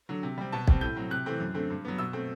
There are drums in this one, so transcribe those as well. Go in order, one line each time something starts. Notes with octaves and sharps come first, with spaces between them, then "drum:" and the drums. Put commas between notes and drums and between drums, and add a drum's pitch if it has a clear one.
D3 F#3
C3
G3 C4
B2 A5
G3 C4, drum: kick B1
A2 G6
F#3 C4
C3 F#6
E3 A3 C4
F#2
D3 A3 C4
G2
F#3 B3
B2 E6
A3 C4